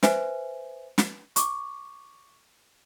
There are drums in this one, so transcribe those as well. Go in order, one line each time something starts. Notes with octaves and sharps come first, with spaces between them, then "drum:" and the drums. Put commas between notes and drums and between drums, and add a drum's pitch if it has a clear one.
B4 C5 E5 G#5, drum: snare
drum: snare
C#6 D6, drum: hi-hat